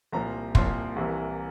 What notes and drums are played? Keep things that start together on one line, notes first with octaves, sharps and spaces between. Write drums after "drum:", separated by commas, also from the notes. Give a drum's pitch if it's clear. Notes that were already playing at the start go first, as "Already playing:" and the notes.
C2 A#2 F3 A#5
C2 A#2 F3 C6, drum: kick
C2 C3 E3 A#3